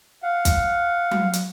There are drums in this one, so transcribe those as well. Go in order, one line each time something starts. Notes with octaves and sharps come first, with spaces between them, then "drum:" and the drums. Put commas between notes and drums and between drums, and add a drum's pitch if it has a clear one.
F5 F#5
drum: kick, hi-hat
drum: tom F#3
drum: hi-hat